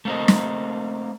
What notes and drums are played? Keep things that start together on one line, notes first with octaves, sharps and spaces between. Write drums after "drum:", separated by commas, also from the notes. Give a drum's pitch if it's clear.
A3 A#3 C4 A#4 D#5
drum: snare